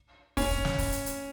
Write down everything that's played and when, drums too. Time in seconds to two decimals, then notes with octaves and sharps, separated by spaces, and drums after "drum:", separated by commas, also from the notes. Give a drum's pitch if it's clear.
0.37 C#4, drum: kick, open hi-hat
0.51 drum: kick
0.65 drum: snare
0.78 drum: kick, open hi-hat
0.92 drum: hi-hat
1.06 drum: hi-hat